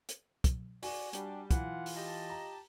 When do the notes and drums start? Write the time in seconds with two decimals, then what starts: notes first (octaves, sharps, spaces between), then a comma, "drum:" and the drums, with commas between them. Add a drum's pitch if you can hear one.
0.09 drum: hi-hat
0.44 drum: kick, hi-hat
0.83 F#4 D5 G#5, drum: open hi-hat
1.13 G3 D4, drum: hi-hat
1.51 E3 F4 F#5, drum: kick, hi-hat
1.86 drum: open hi-hat
1.96 G4 D#5 A5
2.30 A#5